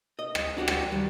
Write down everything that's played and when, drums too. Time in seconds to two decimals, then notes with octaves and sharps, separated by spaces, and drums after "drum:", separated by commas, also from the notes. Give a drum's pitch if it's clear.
0.19 D#5
0.35 drum: rim click
0.57 D4 F#4 G4 D5
0.68 drum: rim click
0.92 D#3 G3